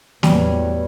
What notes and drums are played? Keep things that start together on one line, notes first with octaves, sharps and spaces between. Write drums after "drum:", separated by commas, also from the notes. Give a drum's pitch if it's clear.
A1 E2 F#3 G3 C#5, drum: snare